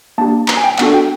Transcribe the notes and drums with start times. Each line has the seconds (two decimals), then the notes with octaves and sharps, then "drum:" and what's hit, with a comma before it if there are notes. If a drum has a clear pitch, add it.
0.18 A#3 D4 G4 A5
0.48 A#5, drum: clap
0.57 G#5
0.64 G5
0.78 B3 D4 F#4 A4 F#5, drum: clap
0.94 G5